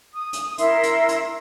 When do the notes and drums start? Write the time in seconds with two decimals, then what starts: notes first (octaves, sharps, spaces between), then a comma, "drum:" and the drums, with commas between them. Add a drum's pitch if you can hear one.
0.14 D#6
0.33 drum: hi-hat
0.58 E4 A#4 E5 C6, drum: hi-hat
0.83 drum: hi-hat
1.08 drum: hi-hat